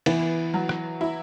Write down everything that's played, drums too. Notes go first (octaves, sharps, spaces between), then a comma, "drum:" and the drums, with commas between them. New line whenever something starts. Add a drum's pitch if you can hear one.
E3 B3, drum: cymbal
F#3
drum: rim click
E4